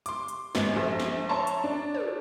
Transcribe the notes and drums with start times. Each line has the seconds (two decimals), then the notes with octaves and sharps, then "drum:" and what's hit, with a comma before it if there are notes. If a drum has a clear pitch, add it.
0.06 C6 D6, drum: hi-hat
0.28 drum: hi-hat
0.55 G#1 E2, drum: snare
0.76 A#1 A3 C4 C5
1.00 drum: snare
1.29 C#5 E5 A5 A#5 C6 C#6
1.47 drum: hi-hat
1.64 D4
1.94 drum: tom